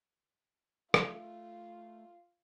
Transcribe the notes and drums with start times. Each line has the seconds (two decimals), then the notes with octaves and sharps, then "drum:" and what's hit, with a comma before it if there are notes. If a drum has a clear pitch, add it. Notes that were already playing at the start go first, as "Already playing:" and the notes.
0.94 A3 F4, drum: rim click